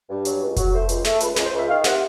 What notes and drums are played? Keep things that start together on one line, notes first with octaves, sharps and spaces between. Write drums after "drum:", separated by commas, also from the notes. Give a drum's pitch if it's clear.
G2
F#3, drum: hi-hat
C#2
F#3, drum: kick F1, hi-hat
A3 C5
C#2, drum: hi-hat
A3, drum: snare
C#2 B4, drum: hi-hat
B4
C#2, drum: snare
C5
C#2 E5
D#3 F5
C3 F#5, drum: snare